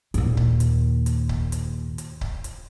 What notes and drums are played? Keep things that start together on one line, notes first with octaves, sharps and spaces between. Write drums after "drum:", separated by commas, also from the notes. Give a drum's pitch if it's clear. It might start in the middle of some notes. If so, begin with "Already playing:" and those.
D#2 A#2, drum: hi-hat
drum: kick C#1
drum: hi-hat
drum: hi-hat
drum: kick C#1
drum: hi-hat
drum: hi-hat
drum: kick C#1
drum: hi-hat